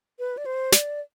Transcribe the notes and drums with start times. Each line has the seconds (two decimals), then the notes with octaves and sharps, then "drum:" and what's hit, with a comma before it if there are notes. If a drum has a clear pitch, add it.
0.19 B4
0.37 D5
0.46 C5
0.72 D5, drum: snare